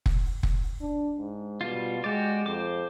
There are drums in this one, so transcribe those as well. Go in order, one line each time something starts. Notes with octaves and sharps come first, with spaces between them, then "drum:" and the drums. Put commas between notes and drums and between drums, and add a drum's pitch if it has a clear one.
drum: kick F1
drum: kick F1
D4
G#2
B2 G3 F4
G#3 F#4 G4 D5
F2 C5 D6